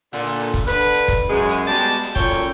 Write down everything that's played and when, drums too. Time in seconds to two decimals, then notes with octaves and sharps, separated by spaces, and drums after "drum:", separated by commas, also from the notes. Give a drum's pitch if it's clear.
0.13 A#2 D3, drum: hi-hat
0.27 drum: hi-hat
0.40 drum: hi-hat
0.54 drum: kick, hi-hat
0.67 D3 B4, drum: hi-hat
0.81 drum: hi-hat
0.95 drum: hi-hat
1.08 drum: kick, hi-hat
1.29 F#2 G#3
1.49 drum: hi-hat
1.66 B2 G3 G#3 G4 A5
1.76 drum: hi-hat
1.90 drum: hi-hat
2.04 drum: hi-hat
2.16 F#2 A#2 F4 A4 C#5 G5, drum: kick, hi-hat
2.31 drum: hi-hat